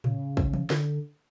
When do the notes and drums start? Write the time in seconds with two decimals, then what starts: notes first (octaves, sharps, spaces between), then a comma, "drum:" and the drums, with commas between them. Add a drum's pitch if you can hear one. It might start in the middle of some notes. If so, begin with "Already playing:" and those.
0.04 C#3, drum: tom A2
0.37 drum: kick A1
0.53 drum: tom E3
0.70 D3, drum: snare